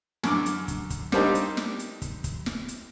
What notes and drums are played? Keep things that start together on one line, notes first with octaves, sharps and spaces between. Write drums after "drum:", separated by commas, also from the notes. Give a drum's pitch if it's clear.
F#2 D3 D6, drum: snare
drum: hi-hat
drum: kick, hi-hat
drum: kick, hi-hat
G3 A#3 C4 D4 D#4 G4, drum: snare
drum: hi-hat
drum: snare
drum: hi-hat
drum: kick, hi-hat
drum: kick, hi-hat
drum: snare
drum: hi-hat